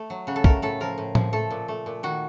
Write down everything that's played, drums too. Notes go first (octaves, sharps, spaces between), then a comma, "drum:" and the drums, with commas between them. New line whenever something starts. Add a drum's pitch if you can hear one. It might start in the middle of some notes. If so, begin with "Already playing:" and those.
Already playing: A3
F#3
C#3 F#4
A4
A3 A#4, drum: kick
A2 A4
F3 A#4
A2
F3, drum: tom A2
A3 A4
A#2
A3
A#2
D#3 F#4